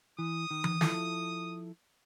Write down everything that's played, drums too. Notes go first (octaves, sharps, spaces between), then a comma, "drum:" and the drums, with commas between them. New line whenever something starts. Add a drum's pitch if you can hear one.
E3 D#6
D#3
drum: tom E3
F3 E4 A4, drum: snare